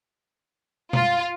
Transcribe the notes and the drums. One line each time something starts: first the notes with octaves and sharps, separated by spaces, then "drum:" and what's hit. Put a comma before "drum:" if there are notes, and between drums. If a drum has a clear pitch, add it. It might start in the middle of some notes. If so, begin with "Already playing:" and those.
F4, drum: tom B2